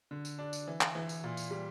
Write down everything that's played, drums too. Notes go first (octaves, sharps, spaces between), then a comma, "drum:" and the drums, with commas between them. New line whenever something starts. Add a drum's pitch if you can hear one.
D3
drum: tambourine
D4
drum: tambourine
E3
drum: clap
E3
drum: tambourine
A#2
drum: tambourine
G3